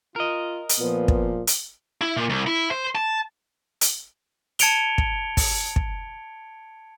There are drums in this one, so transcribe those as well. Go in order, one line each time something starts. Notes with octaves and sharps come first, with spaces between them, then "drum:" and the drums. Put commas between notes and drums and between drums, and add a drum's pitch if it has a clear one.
F4 A#4 D#5
drum: hi-hat
A#2 F3 B3
drum: kick
drum: hi-hat
E4
A#2
C2
E4
C5
A5
drum: hi-hat
A5 G#6 C#7 D7 F7 G7, drum: hi-hat
drum: kick
drum: kick, open hi-hat
drum: kick